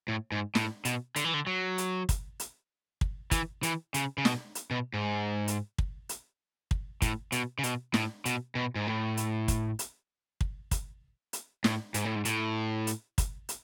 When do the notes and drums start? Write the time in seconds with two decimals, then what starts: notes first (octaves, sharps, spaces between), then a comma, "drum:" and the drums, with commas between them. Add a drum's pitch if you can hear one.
0.08 A2
0.32 G#2
0.55 A2, drum: snare
0.85 B2, drum: hi-hat
1.16 D3, drum: hi-hat
1.24 E3
1.34 D3
1.47 F#3
1.78 drum: hi-hat
2.09 drum: kick, hi-hat
2.40 drum: hi-hat
3.01 drum: kick
3.31 E3, drum: kick, hi-hat
3.63 E3, drum: hi-hat
3.94 C#3, drum: hi-hat
4.18 C#3
4.25 B2, drum: snare
4.55 drum: hi-hat
4.71 B2
4.94 G#2
5.48 drum: hi-hat
5.78 drum: kick
6.09 drum: hi-hat
6.71 drum: kick
7.02 A2, drum: kick, hi-hat
7.32 B2, drum: hi-hat
7.59 C#3
7.63 B2, drum: hi-hat
7.94 A2, drum: snare
8.26 B2, drum: hi-hat
8.55 B2
8.75 G#2
8.87 A2
9.17 drum: hi-hat
9.48 drum: kick, hi-hat
9.79 drum: hi-hat
10.41 drum: kick
10.71 drum: kick, hi-hat
11.33 drum: hi-hat
11.64 A2, drum: snare
11.94 G#2, drum: hi-hat
12.05 A2
12.15 G#2
12.25 A2, drum: hi-hat
12.87 drum: hi-hat
13.18 drum: kick, hi-hat
13.49 drum: hi-hat